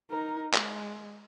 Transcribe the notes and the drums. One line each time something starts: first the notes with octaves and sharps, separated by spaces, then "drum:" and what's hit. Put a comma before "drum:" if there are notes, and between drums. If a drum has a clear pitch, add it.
D#4 A#4
G#3, drum: clap